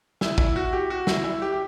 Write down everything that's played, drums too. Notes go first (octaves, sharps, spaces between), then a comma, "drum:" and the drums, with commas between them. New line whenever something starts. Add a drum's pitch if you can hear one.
E4, drum: snare
E4, drum: kick
F#4
G4
F#4
E4, drum: snare
E4
G4
G4